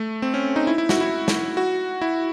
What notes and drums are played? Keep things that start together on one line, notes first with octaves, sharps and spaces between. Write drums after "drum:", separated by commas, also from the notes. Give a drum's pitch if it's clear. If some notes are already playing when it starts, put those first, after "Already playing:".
Already playing: A3
C4
C#4
D#4
E4
E4
F#4, drum: snare
E4
drum: snare
F#4
E4